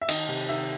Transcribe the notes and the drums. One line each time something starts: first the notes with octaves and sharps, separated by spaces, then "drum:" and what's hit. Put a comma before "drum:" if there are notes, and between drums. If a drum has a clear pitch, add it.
E5
D#3 D#5, drum: cymbal
C3
D#3 E5